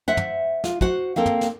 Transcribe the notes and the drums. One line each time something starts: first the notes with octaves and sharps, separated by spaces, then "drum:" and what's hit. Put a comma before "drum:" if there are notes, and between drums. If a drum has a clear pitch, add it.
C5 E5 F#5
drum: tom
F4, drum: snare
F#4 C5 F#5, drum: kick
A#3 C4 A4 A#4
drum: tom
drum: snare